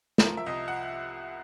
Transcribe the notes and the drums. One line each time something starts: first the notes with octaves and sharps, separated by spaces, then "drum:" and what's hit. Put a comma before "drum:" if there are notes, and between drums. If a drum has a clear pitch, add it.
F3 A#4, drum: snare
E5
C2 D#5
F#5